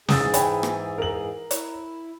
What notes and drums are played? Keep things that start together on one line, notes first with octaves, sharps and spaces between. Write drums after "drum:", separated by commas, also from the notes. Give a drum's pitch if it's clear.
G#2 E3 G#4 D#6 E6 A6, drum: snare
G5 G#5 B5, drum: hi-hat
drum: rim click
A#4 F#7
E4, drum: hi-hat